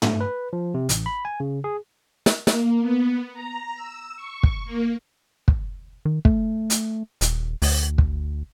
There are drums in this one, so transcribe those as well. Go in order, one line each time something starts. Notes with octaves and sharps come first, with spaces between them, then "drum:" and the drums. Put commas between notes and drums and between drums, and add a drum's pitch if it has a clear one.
A3, drum: tom
B4
F3
C3
A1, drum: hi-hat
B5
G#5
C#3
G#4
drum: snare
A#3, drum: snare
B3
A#5
E6
C#6
drum: kick
A#3
drum: kick
D#3
A3, drum: kick
drum: hi-hat
D#1, drum: hi-hat
D2, drum: open hi-hat
drum: kick